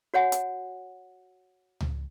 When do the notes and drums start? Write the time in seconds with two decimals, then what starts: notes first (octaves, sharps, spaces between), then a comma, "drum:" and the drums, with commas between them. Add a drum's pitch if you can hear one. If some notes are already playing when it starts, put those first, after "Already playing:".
0.14 F#4 C#5 F#5 G#5
0.32 drum: hi-hat
1.80 drum: tom C#2